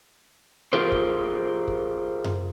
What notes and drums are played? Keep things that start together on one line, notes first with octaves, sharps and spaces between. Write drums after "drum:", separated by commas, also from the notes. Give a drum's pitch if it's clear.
F4 G4 G#4 A#4 C5
drum: kick
drum: kick
drum: tom F#2